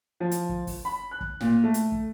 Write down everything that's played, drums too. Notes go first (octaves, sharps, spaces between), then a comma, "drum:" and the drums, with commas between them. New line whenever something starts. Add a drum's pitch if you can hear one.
F3
drum: hi-hat
drum: kick
drum: kick, open hi-hat
B5
F#6
drum: kick
A#2, drum: snare
A3
drum: hi-hat
drum: kick